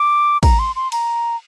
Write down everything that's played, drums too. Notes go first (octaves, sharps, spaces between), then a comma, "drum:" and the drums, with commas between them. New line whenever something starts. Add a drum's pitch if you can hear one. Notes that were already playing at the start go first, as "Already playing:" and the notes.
Already playing: D6
A#5, drum: kick, cymbal
C6
C6
A#5, drum: cymbal